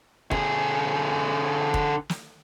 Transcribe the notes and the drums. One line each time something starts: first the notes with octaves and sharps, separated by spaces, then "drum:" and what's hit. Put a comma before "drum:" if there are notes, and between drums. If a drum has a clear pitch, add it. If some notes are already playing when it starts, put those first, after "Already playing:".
D3 G#4, drum: kick
drum: kick
drum: snare